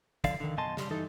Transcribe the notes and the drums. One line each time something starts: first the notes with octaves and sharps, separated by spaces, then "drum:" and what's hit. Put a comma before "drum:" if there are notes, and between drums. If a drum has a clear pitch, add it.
C#2 D3 F3 D5 F5, drum: kick, hi-hat
D3 D#3
F#2 B2 D#5 G#5 A5 C6
C#3 G3 C6, drum: snare
G2 E3 D#4 A4